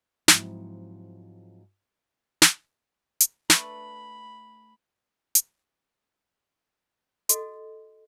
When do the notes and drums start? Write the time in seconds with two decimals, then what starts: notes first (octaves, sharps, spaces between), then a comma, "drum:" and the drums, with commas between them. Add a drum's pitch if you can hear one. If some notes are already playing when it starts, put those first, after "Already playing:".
0.28 G#2 F3 F#3 C4 E4 F4, drum: snare
2.42 drum: snare
3.20 drum: hi-hat
3.50 A3 D4 B4 B5, drum: snare
5.35 drum: hi-hat
7.29 F#4 A4 D#5, drum: hi-hat